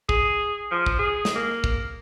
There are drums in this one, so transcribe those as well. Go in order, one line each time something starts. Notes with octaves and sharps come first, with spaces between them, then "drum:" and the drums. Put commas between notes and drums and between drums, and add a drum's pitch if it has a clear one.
G#4, drum: kick
F3
drum: kick
G#4
drum: snare
A#3
drum: kick